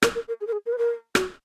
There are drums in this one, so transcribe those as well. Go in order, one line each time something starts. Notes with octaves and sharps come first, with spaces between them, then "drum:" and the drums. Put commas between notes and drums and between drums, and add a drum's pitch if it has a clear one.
A#4, drum: rim click
A#4
A#4
G#4
A#4
G#4
A#4
B4
A#4
F#4, drum: rim click